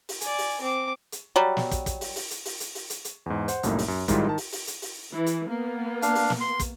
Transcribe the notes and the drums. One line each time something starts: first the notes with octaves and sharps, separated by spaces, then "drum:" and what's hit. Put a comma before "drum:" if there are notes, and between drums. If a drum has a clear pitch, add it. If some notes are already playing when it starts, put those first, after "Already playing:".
drum: open hi-hat
D5 G#5, drum: hi-hat
drum: open hi-hat
C4 D6
drum: hi-hat
F#3 G3
drum: snare
drum: kick, hi-hat
drum: kick, hi-hat
drum: open hi-hat
drum: open hi-hat
drum: hi-hat
drum: open hi-hat
drum: hi-hat
drum: open hi-hat
drum: hi-hat
drum: hi-hat
E2 G#2
C5 F#5, drum: hi-hat
C2 F#2 A2 A#3 D#4, drum: hi-hat
drum: open hi-hat
F#2
G#2 D#3 G3 G#3 E4 F4, drum: kick, hi-hat
D#3 A5
drum: open hi-hat
drum: open hi-hat
drum: hi-hat
drum: open hi-hat
E3
drum: hi-hat
A#3 B3
D4 F5, drum: hi-hat
drum: open hi-hat
drum: snare
C6
drum: kick, hi-hat